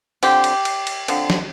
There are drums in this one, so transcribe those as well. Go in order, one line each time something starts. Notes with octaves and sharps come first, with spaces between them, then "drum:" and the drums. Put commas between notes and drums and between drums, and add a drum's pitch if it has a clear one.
D3 F3 C4 G4, drum: cymbal
drum: cymbal
drum: cymbal
drum: cymbal
D3 F3 C4, drum: cymbal
drum: snare